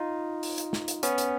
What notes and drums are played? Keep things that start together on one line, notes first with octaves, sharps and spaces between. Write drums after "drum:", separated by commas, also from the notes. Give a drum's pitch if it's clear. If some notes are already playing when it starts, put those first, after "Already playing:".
Already playing: D#4 F4
drum: open hi-hat
drum: hi-hat
drum: snare
drum: hi-hat
B3 C#4, drum: hi-hat
drum: hi-hat